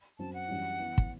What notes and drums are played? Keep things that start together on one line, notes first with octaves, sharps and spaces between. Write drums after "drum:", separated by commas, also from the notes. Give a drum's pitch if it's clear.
F#2 F#3 C4 A5
F#5
F#2 E3 G3 D4
E3 B3 E4
drum: kick